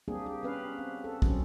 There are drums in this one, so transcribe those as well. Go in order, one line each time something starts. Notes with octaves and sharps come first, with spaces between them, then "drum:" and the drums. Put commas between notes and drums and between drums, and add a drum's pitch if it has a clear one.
G3 A#3 C4 D4 G4 G#4
G4 G#4
B3 C#4 B4 F5
C4
A4
F#3 C4 C#4, drum: kick